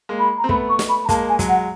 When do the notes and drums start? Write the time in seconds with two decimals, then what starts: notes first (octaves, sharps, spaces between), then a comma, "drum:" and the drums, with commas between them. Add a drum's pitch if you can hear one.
0.09 G#3 A#3
0.19 B5
0.38 A#5
0.44 C4
0.49 A3 B3 B5, drum: kick
0.69 C#6
0.79 drum: snare
0.89 B5
1.05 A#5
1.09 G#3 A#3 A5, drum: kick, hi-hat
1.29 G#5
1.39 F#3 G#3, drum: kick, hi-hat
1.49 F#5